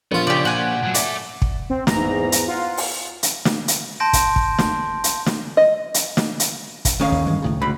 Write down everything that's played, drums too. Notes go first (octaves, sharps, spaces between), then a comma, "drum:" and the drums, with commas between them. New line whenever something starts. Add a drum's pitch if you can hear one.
A#1 B3 F4
C#3 G4 D5
A#2 F#5 G#5
A2 F#3
A4 D5 E5, drum: hi-hat
drum: kick
C4
E2 G#2 E3 A#5, drum: snare
drum: hi-hat
F4 F#5
drum: open hi-hat
drum: hi-hat
drum: snare
drum: hi-hat
A5 C6 G6 A#6 D7
drum: kick, hi-hat
drum: kick
drum: snare
drum: hi-hat
drum: snare
D#5
drum: hi-hat
drum: snare
drum: hi-hat
drum: kick, hi-hat
D#3 C#4 F5
D#2
G2 E3 G#3
C#2 A2 C#3
D2 B5